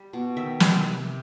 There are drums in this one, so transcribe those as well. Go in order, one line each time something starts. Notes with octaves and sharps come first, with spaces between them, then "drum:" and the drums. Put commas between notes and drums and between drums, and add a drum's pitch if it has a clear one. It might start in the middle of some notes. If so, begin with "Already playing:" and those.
Already playing: G3
B2
D#3 E5
C3, drum: snare
C3